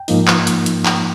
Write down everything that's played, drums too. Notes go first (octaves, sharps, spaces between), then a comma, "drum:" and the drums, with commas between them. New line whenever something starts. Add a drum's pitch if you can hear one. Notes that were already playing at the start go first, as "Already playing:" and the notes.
Already playing: G5
G#2 F3 A#3 D#4, drum: open hi-hat
drum: clap
drum: hi-hat
drum: hi-hat
drum: clap